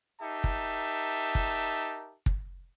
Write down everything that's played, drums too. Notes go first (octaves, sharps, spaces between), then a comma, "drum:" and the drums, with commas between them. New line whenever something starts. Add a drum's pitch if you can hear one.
D#4 G4 A#4 E5 A5
drum: kick
drum: kick
drum: kick